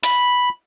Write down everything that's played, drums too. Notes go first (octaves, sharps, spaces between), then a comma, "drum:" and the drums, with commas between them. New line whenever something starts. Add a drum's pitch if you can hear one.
B5, drum: hi-hat